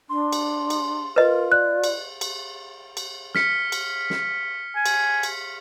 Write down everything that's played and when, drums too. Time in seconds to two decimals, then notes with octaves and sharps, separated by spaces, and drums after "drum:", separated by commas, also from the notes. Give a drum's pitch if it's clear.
0.09 D4 C6
0.33 drum: cymbal
0.70 drum: cymbal
1.16 F4 A#4 B4 D#5
1.52 D5 F#6
1.84 drum: cymbal
2.21 drum: cymbal
2.97 drum: cymbal
3.35 F6 B6 C#7, drum: snare
3.72 drum: cymbal
4.10 drum: snare
4.76 G#5
4.86 drum: cymbal
5.23 drum: cymbal